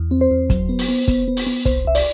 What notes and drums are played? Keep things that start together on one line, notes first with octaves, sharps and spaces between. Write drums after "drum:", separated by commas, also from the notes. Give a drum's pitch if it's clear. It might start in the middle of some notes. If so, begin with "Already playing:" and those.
Already playing: E2
C4
C5
E2
F#3, drum: kick, hi-hat
B3
drum: open hi-hat
B3
B3, drum: kick, hi-hat
B3
drum: open hi-hat
B3
C2 C5, drum: kick, hi-hat
C2 E5
D5, drum: open hi-hat